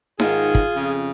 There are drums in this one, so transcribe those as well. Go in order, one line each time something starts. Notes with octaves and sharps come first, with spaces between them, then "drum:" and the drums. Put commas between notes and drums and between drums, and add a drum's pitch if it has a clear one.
G#2 D#3 F4 G#4, drum: snare D#4
drum: kick
F2 C#3